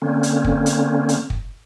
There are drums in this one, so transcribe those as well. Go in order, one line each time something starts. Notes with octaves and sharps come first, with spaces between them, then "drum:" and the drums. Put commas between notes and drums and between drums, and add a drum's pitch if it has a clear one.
D3 A#3 C4 C#4
drum: hi-hat
drum: kick
drum: hi-hat
drum: hi-hat
drum: kick